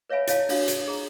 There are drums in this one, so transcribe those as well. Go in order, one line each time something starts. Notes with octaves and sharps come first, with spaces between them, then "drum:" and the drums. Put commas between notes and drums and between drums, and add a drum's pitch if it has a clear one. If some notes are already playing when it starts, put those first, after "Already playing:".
B4 C#5 E5 F5 G#5 B5
E4 C#5 F5 A5, drum: hi-hat
D4 F4 F#4 C#5 F5, drum: open hi-hat
drum: hi-hat
G#4 A#5